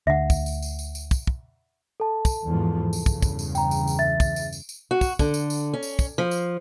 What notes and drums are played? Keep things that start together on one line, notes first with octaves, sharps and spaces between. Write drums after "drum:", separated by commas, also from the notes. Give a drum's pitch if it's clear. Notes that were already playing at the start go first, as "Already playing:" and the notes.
D2 D3 E5 F#5
drum: kick, tambourine
drum: tambourine
drum: tambourine
drum: tambourine
drum: tambourine
drum: kick, tambourine
drum: kick
A4 A5
drum: kick, tambourine
E2 G#2 F3
E2 G2 C#3, drum: tambourine
drum: kick, tambourine
drum: kick, tambourine
drum: tambourine
G5 A#5, drum: tambourine
drum: tambourine
drum: tambourine
E5 A6
drum: kick, tambourine
drum: tambourine
drum: tambourine
drum: tambourine
F#4
drum: kick, tambourine
D3, drum: kick, tambourine
drum: tambourine
drum: tambourine
C#4
drum: tambourine
drum: kick, tambourine
F3
drum: tambourine